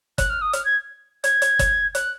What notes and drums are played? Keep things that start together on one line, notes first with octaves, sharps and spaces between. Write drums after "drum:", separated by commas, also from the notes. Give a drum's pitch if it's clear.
F#6, drum: kick, hi-hat
F6
D#6
F6, drum: hi-hat
G#6
G#6, drum: hi-hat
drum: hi-hat
drum: kick, hi-hat
F#6, drum: hi-hat